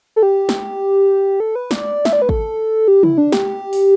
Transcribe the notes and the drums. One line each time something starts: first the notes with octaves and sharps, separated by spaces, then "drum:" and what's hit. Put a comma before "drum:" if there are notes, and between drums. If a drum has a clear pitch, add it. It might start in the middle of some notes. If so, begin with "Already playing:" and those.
A4
G4
drum: snare
A4
B4
D5, drum: snare
E5, drum: snare
D5
B4
A4, drum: kick
G4
E4, drum: tom
D4
G4, drum: snare
drum: open hi-hat